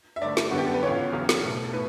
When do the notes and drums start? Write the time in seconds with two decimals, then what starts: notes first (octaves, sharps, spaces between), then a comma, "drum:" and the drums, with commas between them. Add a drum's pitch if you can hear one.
0.16 E5
0.22 G2 D3 A3 D5
0.37 drum: snare
0.51 F#2 D3 G3 B3 F#4
0.58 G4
0.66 A4
0.74 B4
0.83 C#2 C#3 E3 B3 C#5
1.13 E2 C#3 F#3
1.29 drum: snare
1.44 B2 A3
1.64 A4
1.73 A2 B4